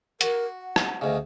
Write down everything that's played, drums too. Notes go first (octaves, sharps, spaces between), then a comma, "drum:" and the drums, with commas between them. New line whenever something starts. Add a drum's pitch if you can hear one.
F#4 A#4, drum: hi-hat
F#5
drum: rim click
D2 C#3 D#5